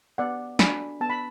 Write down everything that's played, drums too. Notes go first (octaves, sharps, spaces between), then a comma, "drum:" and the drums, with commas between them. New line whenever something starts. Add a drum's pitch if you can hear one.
B3 D5 F#5
D4 F#4 G#5 B5, drum: snare
B3 A5
B5